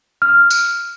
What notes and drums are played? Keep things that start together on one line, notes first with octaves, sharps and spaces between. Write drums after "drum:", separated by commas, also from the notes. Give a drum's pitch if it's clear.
F6
drum: tambourine